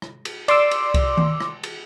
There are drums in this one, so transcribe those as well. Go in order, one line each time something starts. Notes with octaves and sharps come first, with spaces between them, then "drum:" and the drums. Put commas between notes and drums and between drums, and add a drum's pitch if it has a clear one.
drum: rim click
drum: cymbal
D5 C6 D6 E6, drum: cymbal
drum: cymbal
drum: kick C2, cymbal
drum: tom D#3
drum: rim click
drum: cymbal